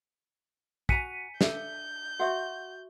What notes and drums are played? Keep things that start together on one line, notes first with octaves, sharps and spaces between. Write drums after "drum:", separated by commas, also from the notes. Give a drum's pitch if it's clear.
F#4 G#5 A#5 B6 C#7 D#7, drum: kick
D4 A4 E5 G6, drum: snare
F#4 E5 F#5 C#6